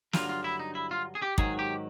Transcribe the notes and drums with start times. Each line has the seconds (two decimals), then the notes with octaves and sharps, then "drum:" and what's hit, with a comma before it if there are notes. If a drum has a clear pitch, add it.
0.13 G2 D3 F#3 F4, drum: snare
0.29 F4
0.44 E4
0.59 D#4
0.75 E4
0.91 F4
1.15 G#4
1.22 G4
1.38 G#2 D#3 F#3 G#4, drum: kick
1.59 G4